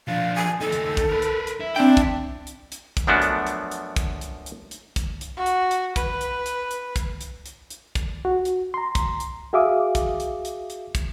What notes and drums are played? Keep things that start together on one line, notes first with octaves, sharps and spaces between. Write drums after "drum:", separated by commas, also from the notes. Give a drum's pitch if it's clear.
F3 D4 F5
G#5
D2 D#4 A4
drum: hi-hat
drum: kick, hi-hat
A#4 B4
drum: hi-hat
drum: hi-hat
E4
C4 D4 G5
drum: kick, hi-hat
drum: hi-hat
drum: hi-hat
drum: kick, hi-hat
F#2 F3 A3 B3 D4 F#4
drum: hi-hat
drum: hi-hat
drum: hi-hat
drum: kick, hi-hat
drum: hi-hat
drum: hi-hat
drum: hi-hat
drum: kick, hi-hat
drum: hi-hat
F#4
drum: hi-hat
drum: hi-hat
B4, drum: kick, hi-hat
drum: hi-hat
drum: hi-hat
drum: hi-hat
drum: kick, hi-hat
drum: hi-hat
drum: hi-hat
drum: hi-hat
drum: kick, hi-hat
F#4
drum: hi-hat
A#5 C6
drum: kick, hi-hat
drum: hi-hat
F#4 G#4 E5 F5 D6 D#6
drum: kick, hi-hat
drum: hi-hat
drum: hi-hat
drum: hi-hat
drum: kick, hi-hat